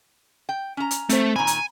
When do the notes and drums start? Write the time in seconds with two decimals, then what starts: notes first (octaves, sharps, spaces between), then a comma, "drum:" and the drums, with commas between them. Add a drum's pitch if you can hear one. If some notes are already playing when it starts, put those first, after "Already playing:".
0.49 G5
0.77 C#4 A#5
0.91 drum: hi-hat
1.09 A3 C4 C5, drum: hi-hat
1.36 A#2 D#3 G#5 A#5 B5
1.47 drum: hi-hat